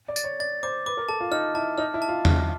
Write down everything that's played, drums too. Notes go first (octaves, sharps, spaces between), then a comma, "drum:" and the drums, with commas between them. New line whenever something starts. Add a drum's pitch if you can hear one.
D5
A6, drum: tambourine
C#5
D5 A6
C5 D6
B4 D6
A#4
A4 A5
F4
D#4 F6
E4 A5
D#4 F6
E4
A5
F4
F6, drum: tom E2